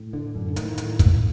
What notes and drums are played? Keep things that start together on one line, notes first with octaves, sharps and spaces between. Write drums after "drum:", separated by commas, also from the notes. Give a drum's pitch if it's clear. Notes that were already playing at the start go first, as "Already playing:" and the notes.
Already playing: A2
D3
F#2
D3
A2 D#3, drum: hi-hat
A2, drum: hi-hat
A2, drum: kick, hi-hat